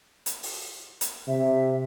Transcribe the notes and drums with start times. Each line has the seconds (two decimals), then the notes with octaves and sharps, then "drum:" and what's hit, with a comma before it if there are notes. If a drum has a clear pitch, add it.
0.26 drum: hi-hat
0.43 drum: open hi-hat
1.01 drum: hi-hat
1.28 C3 E5